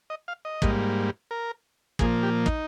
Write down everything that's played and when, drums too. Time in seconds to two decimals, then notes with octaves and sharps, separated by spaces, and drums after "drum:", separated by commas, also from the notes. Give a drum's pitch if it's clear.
0.10 D#5
0.28 F5
0.45 D#5
0.62 G#2 G3 A#3, drum: kick
1.31 A#4
1.99 A#2 F3 A#3 G#4, drum: kick
2.23 G4
2.46 D#4, drum: kick